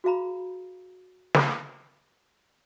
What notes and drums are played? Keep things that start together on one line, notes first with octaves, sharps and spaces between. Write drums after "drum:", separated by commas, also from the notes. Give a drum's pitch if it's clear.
F#4 G#4 F5 A#5 B5
drum: snare